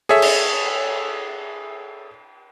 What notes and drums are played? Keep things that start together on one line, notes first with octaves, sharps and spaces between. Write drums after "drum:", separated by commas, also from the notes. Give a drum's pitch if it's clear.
G#4 A4 C#5 E5
drum: cymbal